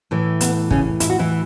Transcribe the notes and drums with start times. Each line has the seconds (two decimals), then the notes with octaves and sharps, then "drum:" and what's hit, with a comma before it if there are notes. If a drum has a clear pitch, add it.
0.11 A2 E3 A3
0.41 B3, drum: hi-hat
0.70 C#3 C#4, drum: kick
1.00 E4, drum: hi-hat
1.10 F#4
1.19 E3 E4